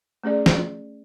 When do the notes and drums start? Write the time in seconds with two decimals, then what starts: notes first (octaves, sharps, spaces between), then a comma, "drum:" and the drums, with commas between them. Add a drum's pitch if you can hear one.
0.24 A3 C#4 G#4 D5
0.46 drum: snare